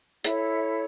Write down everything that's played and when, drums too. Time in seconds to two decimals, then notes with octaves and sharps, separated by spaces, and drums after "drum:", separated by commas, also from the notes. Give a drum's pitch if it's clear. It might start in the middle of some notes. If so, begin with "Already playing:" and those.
0.24 E4 A4 C#5 E5, drum: hi-hat
0.51 E5